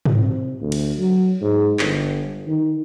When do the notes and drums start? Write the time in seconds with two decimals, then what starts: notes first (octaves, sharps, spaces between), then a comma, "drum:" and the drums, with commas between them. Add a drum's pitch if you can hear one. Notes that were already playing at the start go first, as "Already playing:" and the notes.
0.06 drum: tom G#2
0.17 C3
0.61 D2
0.72 drum: cymbal
0.99 F#3
1.41 G#2
1.79 G1, drum: clap
2.47 D#3